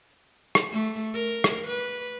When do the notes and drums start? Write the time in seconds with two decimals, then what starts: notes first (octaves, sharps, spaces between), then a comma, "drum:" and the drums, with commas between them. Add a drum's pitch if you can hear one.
0.55 drum: rim click
0.72 A3
1.15 A#4
1.44 drum: rim click
1.68 B4